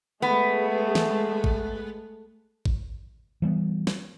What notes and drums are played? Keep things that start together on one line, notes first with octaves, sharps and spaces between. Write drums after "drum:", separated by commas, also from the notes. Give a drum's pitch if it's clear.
G#3 A3 B3 G#4
drum: snare
drum: kick G#1
drum: kick G#1
E3 G3 A3 B3
drum: snare